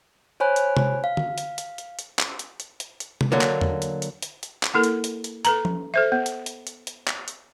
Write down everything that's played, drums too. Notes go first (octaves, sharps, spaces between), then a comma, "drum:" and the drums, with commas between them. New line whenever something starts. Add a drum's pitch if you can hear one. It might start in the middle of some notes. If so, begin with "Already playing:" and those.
C5 C#5 G#5 B5 F#6
drum: hi-hat
drum: tom C3
F5
drum: tom D3
drum: hi-hat
drum: hi-hat
drum: hi-hat
drum: hi-hat
drum: clap
drum: hi-hat
drum: hi-hat
drum: hi-hat
drum: hi-hat
drum: tom C3
D3 F#3 A#3
drum: clap
drum: tom E2
drum: hi-hat
drum: hi-hat
drum: hi-hat
drum: hi-hat
drum: clap
A#3 E4 A4 A#4
drum: hi-hat
drum: hi-hat
drum: hi-hat
A4 B4 A#5, drum: hi-hat
drum: tom F3
A4 C5 E5
B3
drum: hi-hat
drum: hi-hat
drum: hi-hat
drum: hi-hat
drum: clap
drum: hi-hat